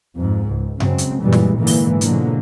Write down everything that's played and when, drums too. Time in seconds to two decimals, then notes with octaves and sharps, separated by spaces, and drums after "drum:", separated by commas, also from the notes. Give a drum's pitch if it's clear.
0.15 F2 G#2
0.49 C#2
0.80 C#3 F#3 G#3 C4, drum: tom F#2
0.98 drum: hi-hat
1.23 F#2 A#2 C#3 E3 G3 G#3
1.33 drum: snare
1.57 G#2 D3 E3 G#3 A#3
1.67 drum: open hi-hat
2.01 B2 D3 F3 F#3 G#3 A#3, drum: hi-hat